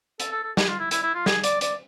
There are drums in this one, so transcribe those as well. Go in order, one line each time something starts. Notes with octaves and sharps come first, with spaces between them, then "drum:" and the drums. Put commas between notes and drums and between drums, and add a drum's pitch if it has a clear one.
A4, drum: hi-hat
A4
A4
G#4, drum: snare
F4
E4
E4, drum: hi-hat
E4
F4
G#4, drum: snare
D5, drum: hi-hat
D5, drum: hi-hat